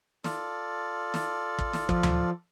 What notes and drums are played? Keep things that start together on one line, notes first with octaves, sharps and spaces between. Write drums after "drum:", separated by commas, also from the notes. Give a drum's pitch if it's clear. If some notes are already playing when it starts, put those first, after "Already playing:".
F4 A4 D5, drum: snare
drum: snare
drum: kick
drum: snare
F3, drum: kick
drum: tom D2